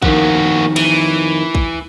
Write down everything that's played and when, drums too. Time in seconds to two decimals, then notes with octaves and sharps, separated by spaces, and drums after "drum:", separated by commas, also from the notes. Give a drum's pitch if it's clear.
0.02 F2 D#3 A#3 F#4, drum: kick
0.76 E3, drum: cymbal
1.55 drum: kick